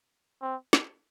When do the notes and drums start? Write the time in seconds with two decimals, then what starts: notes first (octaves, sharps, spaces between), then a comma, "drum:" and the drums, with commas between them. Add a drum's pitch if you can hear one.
0.41 C4
0.73 drum: snare